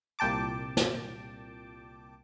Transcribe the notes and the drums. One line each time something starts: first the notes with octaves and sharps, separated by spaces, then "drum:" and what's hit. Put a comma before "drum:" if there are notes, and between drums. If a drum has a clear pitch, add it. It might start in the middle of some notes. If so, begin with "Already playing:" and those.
C2 A#2 G5 A5 D6
drum: snare